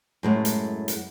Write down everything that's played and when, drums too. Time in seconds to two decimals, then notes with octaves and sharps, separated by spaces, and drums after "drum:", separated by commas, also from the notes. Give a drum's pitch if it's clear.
0.23 F#2 A2 G#3
0.45 drum: hi-hat
0.88 drum: hi-hat